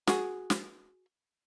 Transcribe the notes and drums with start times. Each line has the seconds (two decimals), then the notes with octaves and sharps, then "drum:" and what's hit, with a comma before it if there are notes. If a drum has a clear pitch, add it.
0.07 F#4 G#4, drum: snare
0.50 drum: snare